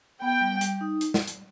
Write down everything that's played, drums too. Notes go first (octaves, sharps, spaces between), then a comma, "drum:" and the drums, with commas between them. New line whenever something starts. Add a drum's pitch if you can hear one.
B3 G5
G3
G3, drum: hi-hat
D#4
drum: hi-hat
drum: snare
drum: hi-hat